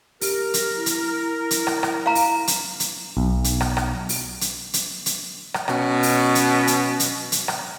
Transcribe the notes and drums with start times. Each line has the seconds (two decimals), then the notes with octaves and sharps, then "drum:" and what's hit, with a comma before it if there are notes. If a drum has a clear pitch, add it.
0.21 G4 A#4, drum: open hi-hat
0.54 drum: hi-hat
0.76 E4
0.86 drum: hi-hat
1.51 drum: hi-hat
1.67 drum: rim click
1.83 drum: rim click
2.06 F5 A#5
2.15 drum: open hi-hat
2.47 drum: hi-hat
2.80 drum: hi-hat
3.17 B1
3.44 drum: hi-hat
3.61 drum: rim click
3.77 drum: rim click
4.09 drum: open hi-hat
4.41 drum: hi-hat
4.74 drum: hi-hat
5.06 drum: hi-hat
5.54 drum: rim click
5.68 B2 C#4, drum: rim click
6.03 drum: open hi-hat
6.35 drum: hi-hat
6.67 drum: hi-hat
7.00 drum: hi-hat
7.32 drum: hi-hat
7.48 drum: rim click